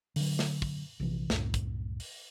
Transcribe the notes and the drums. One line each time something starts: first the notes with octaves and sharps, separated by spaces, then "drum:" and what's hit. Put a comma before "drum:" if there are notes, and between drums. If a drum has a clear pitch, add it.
D3 F#3, drum: open hi-hat
drum: snare
drum: kick
A#1 C3 E3
C2 F#2 A2, drum: snare
drum: kick, hi-hat
drum: open hi-hat